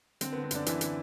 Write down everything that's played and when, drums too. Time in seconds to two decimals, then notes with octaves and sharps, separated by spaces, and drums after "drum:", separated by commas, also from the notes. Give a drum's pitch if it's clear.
0.21 D3 C4, drum: hi-hat
0.33 D3 B3
0.44 C4
0.51 F#2 D3 D4, drum: hi-hat
0.66 D3 E3 E4, drum: hi-hat
0.81 D3, drum: hi-hat